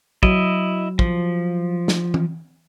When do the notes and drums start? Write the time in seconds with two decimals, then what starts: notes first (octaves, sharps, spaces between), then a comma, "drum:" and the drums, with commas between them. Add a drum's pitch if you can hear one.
0.23 F#3 E4 D#5, drum: kick
0.99 F3, drum: kick
1.88 drum: snare
2.14 drum: tom E3